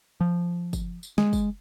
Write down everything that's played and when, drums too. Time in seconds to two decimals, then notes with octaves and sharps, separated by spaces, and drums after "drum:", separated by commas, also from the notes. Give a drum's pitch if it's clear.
0.21 F3
0.73 drum: kick, tambourine
1.03 drum: tambourine
1.18 G#3, drum: snare
1.33 drum: kick, tambourine